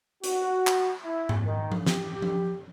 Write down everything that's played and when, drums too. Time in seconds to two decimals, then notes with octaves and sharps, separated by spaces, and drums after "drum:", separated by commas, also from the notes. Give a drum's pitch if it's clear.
0.24 F#4, drum: hi-hat
0.67 drum: clap
1.04 E4
1.29 drum: tom G#2
1.45 D#3
1.72 drum: tom F3
1.86 G4, drum: snare
2.22 drum: tom F3